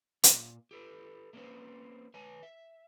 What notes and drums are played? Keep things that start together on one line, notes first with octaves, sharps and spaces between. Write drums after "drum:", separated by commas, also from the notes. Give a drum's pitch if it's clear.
A#2, drum: hi-hat
G4 A4 B4
A3 A#3 C4 C#4 B4 C5
B4 C#5 G#5
E5